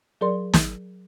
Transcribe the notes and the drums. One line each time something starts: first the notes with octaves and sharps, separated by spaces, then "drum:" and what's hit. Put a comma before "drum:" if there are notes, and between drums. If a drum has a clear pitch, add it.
F#3 G#4 A#4 D5 C6
drum: snare